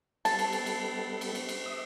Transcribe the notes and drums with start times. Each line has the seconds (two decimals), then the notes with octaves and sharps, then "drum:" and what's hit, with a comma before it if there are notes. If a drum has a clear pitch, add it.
0.25 G3 B3 A4 A5, drum: cymbal
0.39 drum: cymbal
0.53 drum: cymbal
0.66 drum: cymbal
1.21 drum: cymbal
1.35 drum: cymbal
1.49 drum: cymbal
1.66 E5 D#6